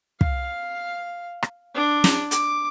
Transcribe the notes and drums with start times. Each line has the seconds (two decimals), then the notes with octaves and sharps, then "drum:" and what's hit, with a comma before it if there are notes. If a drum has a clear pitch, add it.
0.21 F5, drum: kick
1.43 drum: rim click
1.75 D4
2.04 drum: snare
2.31 D6, drum: hi-hat